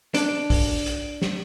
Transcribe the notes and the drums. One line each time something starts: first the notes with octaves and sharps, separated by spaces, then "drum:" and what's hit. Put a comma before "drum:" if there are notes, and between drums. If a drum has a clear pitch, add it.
D4, drum: hi-hat
drum: kick, open hi-hat
drum: hi-hat
drum: snare